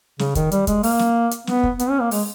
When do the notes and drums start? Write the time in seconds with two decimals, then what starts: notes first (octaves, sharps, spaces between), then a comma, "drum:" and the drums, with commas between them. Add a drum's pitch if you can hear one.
0.19 C#3, drum: snare
0.35 D#3, drum: kick, hi-hat
0.52 G3, drum: hi-hat
0.67 G#3, drum: kick, hi-hat
0.83 A#3, drum: open hi-hat
0.99 drum: snare
1.31 drum: hi-hat
1.47 B3, drum: snare
1.63 drum: kick
1.79 B3, drum: hi-hat
1.90 C#4
2.01 A#3
2.11 G#3, drum: open hi-hat